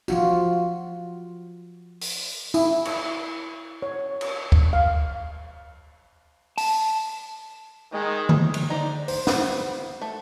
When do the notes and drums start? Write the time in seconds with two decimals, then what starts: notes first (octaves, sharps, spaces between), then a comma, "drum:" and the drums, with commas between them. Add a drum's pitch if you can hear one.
0.08 F3 F4 F#4, drum: tambourine
2.01 drum: open hi-hat
2.54 E4, drum: tambourine
2.85 drum: cymbal
3.82 C#5
4.21 drum: cymbal
4.52 drum: kick D2
4.73 F5
6.58 A5, drum: open hi-hat
7.92 D#3 G#3
8.29 drum: tom D3
8.54 drum: cymbal
8.70 D#4 C5 D5
9.08 C5, drum: open hi-hat
9.27 B3 F#4, drum: snare
10.02 A3